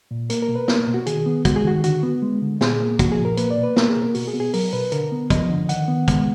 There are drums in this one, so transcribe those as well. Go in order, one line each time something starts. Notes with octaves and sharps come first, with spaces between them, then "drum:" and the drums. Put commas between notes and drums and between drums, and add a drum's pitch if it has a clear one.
A#2
A#3 A#4, drum: hi-hat
A#4
B2
B4
A#3 A#4, drum: snare
B2
F#4
D#3 G#4, drum: hi-hat
B3
G#3 F#4, drum: kick, hi-hat
G#4
D#3 F#4
D3 F#4, drum: hi-hat
B3
G#3
D3
A#2 G#4, drum: snare
A#3
F3 F#4, drum: kick, hi-hat
G#4
A#2
A#4
A#3 B4, drum: hi-hat
D5
B2
B4
A#3 A#4, drum: snare
G#4
B2
A#4
B2 F#4, drum: open hi-hat
G#4
B3
G#4
F#3 A#4, drum: open hi-hat
B2 B4
D3 A#4, drum: hi-hat
B3
F3 D#5, drum: kick, hi-hat
D3
D#3 F#5, drum: hi-hat
B3
G#3, drum: kick, hi-hat